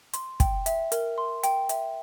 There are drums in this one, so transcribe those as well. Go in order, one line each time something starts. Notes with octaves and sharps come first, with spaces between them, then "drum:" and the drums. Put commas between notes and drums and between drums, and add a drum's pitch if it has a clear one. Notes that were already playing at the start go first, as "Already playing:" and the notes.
C6, drum: hi-hat
G5, drum: kick, hi-hat
E5, drum: hi-hat
A#4, drum: hi-hat
C6
G5, drum: hi-hat
E5, drum: hi-hat